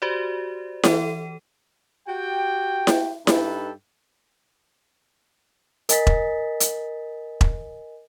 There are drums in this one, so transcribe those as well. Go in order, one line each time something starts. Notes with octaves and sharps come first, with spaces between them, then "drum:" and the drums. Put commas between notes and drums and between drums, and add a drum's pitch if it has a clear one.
F#4 G4 C5 D5
E3 A4 D#7, drum: snare E4
F#4 G4 G5
drum: snare E4
G2 D#4 A4 B4 G5, drum: snare E4
A#4 D#5 G#5 A6 B6, drum: hi-hat
drum: kick E1
drum: hi-hat
drum: kick E1